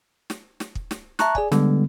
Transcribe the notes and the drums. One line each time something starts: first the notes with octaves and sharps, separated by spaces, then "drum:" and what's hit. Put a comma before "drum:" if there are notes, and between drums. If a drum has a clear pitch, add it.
drum: snare
drum: snare
drum: kick
drum: snare
E5 A5 A#5 C#6 F#6, drum: snare
G#4 D5 G#5, drum: kick
D3 G3 G#3 B3, drum: snare